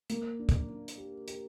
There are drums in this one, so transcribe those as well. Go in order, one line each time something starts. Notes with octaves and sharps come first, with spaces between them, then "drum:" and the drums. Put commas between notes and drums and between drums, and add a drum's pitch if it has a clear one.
A#3, drum: hi-hat
D4
drum: kick, hi-hat
D4
drum: hi-hat
G4
G4, drum: hi-hat